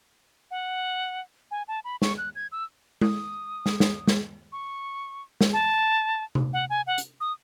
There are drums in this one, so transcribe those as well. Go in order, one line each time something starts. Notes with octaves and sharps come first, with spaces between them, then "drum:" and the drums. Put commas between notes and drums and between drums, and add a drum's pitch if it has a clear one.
F#5
G#5
A5
B5
C#6, drum: snare
F#6
G#6
E6
D#6, drum: tom G#3
drum: snare
drum: snare
drum: snare
C#6
drum: snare
A5
drum: tom C3
F#5
G#5
F#5
drum: hi-hat
D#6